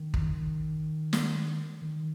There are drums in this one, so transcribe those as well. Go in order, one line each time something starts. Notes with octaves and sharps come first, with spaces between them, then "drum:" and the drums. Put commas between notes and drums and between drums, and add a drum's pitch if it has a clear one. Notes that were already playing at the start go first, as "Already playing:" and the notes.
Already playing: D#3
drum: kick
drum: snare
D#3